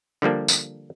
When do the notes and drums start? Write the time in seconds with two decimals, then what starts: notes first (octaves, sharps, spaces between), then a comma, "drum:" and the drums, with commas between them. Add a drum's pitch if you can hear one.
0.22 D3 F3 G3 A#3 D4
0.48 drum: tambourine